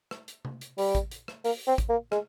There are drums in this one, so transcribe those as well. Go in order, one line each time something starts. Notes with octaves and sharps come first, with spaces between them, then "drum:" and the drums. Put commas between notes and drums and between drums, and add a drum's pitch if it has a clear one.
drum: rim click
drum: hi-hat
drum: tom C3
drum: hi-hat
G3, drum: open hi-hat
drum: kick A1, hi-hat
drum: hi-hat
drum: rim click
A#3, drum: open hi-hat
C4
drum: kick A1, hi-hat
A#3
G#3, drum: rim click